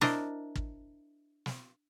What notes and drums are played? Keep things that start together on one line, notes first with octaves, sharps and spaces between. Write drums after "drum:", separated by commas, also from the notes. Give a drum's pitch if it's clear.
D4 E4 A#4 C5 D#5, drum: snare
drum: kick
drum: snare